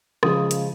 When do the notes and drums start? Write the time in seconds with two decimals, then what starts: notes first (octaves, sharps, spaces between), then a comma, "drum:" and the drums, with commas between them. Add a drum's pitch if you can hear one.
0.23 C#3 F3 G#3 D#6, drum: rim click
0.51 drum: hi-hat